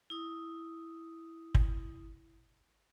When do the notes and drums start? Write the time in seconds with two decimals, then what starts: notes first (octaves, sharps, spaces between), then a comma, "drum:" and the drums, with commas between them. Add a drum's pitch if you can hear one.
0.10 E4 D#6
1.55 drum: kick